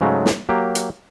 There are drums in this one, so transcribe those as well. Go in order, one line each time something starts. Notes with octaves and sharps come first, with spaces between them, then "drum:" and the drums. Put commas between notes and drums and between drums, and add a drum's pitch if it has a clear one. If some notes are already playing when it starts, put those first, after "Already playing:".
G#2 C#3 F#3 G#3 A3
drum: snare
F#3 A#3 G4
drum: hi-hat